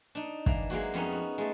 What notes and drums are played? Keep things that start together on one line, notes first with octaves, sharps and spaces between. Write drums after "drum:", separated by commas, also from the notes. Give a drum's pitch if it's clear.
D4 D#4
E3 A#3, drum: kick
F#3 G#3 A#3 F#4
F2 B3 C#4 D#4
F#4
G#3 A3